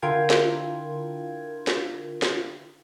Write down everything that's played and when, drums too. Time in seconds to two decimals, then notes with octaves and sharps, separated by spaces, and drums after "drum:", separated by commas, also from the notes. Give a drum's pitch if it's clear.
0.02 D3 E4 F4 A#4 G5 G#6
0.30 drum: snare
1.67 drum: snare
2.22 drum: snare